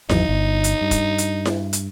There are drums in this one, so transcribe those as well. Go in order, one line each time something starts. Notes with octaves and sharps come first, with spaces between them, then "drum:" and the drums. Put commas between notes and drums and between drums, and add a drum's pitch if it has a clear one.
G#1 E2 F#3 D#4, drum: snare E4
G1
drum: hi-hat
G2
drum: kick E1, hi-hat
drum: hi-hat
drum: snare E4
drum: hi-hat